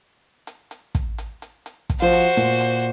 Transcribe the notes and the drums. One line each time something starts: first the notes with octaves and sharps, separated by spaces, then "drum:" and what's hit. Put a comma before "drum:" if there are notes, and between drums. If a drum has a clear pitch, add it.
drum: hi-hat
drum: hi-hat
drum: kick, hi-hat
drum: hi-hat
drum: hi-hat
drum: hi-hat
drum: kick, hi-hat
F3 F#4 C5 F5
drum: hi-hat
A#2, drum: hi-hat
drum: hi-hat